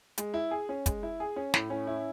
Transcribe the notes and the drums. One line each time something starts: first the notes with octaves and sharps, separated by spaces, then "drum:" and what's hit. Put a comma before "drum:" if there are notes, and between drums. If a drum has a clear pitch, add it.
G#3, drum: hi-hat
E4
G#4
C#4
G#3, drum: kick, hi-hat
E4
G#4
C#4
A2, drum: snare
C#4
E4